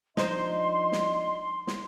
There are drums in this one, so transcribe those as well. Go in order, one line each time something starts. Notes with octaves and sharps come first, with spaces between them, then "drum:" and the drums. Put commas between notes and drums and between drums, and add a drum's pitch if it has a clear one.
F3 D4 D#4 C5 D#5 C6, drum: snare
drum: snare
drum: snare